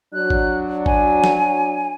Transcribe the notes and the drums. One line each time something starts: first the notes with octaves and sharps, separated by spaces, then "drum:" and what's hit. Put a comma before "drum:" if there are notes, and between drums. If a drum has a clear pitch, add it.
F#3 D4 F#6
drum: kick G#1
G#5, drum: kick G#1
drum: snare